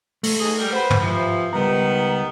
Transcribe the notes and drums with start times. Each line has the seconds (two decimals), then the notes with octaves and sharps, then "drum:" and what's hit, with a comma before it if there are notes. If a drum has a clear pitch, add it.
0.23 A3, drum: open hi-hat
0.40 B2 D#4 G#4
0.58 G3 A#4
0.73 B4 C5 F#5 B5
0.90 drum: tom
1.01 C3 E3 F3
1.53 C#2 D#3 G3 B3 A#5